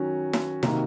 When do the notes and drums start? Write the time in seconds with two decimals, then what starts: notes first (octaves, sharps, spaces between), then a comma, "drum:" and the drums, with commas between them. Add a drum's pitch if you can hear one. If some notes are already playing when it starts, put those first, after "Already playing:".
Already playing: D#3 F#3 C#4 F#4
0.33 drum: snare E4
0.63 C3 D#3 A#3 D#4 F#4, drum: snare E4